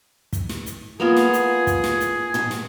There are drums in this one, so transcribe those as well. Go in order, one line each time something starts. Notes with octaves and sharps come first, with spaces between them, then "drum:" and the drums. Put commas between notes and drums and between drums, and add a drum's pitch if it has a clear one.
drum: kick, hi-hat
drum: snare
drum: hi-hat
A#3 B3 F4 G#4
drum: snare
drum: hi-hat
drum: kick, hi-hat
drum: snare
drum: hi-hat
drum: tom
drum: snare